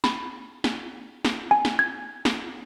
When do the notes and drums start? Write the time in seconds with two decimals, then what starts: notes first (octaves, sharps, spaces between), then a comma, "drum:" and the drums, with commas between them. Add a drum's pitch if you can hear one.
0.04 B5, drum: snare
0.64 drum: snare
1.25 drum: snare
1.51 G#5
1.65 drum: snare
1.79 G#6
2.25 drum: snare